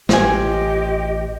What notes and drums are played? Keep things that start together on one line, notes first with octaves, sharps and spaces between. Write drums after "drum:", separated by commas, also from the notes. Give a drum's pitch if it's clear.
A1 F3 G4 D#5 G#5, drum: snare